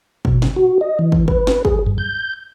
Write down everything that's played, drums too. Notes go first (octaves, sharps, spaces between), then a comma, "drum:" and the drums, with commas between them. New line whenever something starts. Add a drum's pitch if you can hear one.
B2, drum: kick
drum: snare
F#4
D#5
E3
drum: kick
B4, drum: kick
drum: snare
G#4, drum: kick
G2
G6